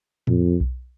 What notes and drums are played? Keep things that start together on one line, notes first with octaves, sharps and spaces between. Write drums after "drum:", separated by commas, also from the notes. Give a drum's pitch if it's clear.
F2, drum: tom A2
drum: kick B1